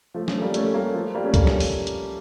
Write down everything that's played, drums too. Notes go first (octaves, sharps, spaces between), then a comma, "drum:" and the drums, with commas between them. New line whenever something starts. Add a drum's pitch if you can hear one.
F3 A3
A3 C#4, drum: snare
G3 A#3
A3 C#4, drum: hi-hat
G3 A#3
F3 A3
G3 A#3
A3 C#4
G3 A#3, drum: kick C#2, hi-hat
drum: snare
drum: open hi-hat
drum: hi-hat